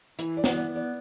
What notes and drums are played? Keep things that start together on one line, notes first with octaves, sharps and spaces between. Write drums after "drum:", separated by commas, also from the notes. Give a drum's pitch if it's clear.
E3 E4, drum: hi-hat
D5
B3, drum: snare
D5
B3
D5